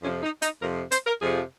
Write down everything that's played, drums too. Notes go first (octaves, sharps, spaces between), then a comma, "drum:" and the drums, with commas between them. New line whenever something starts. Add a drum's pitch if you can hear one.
F2 C3 F3 C#4
D#4
D#4, drum: hi-hat
F2 C3 F3 A#4
C5, drum: hi-hat
A#4
F2 C3 F3 G#4